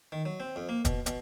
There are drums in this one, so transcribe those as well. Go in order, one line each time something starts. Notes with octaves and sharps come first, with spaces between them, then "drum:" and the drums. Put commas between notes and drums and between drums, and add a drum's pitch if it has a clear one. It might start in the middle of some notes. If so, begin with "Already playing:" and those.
D#3
F#3
C4
F2
A#3
B2, drum: kick, hi-hat
B2, drum: hi-hat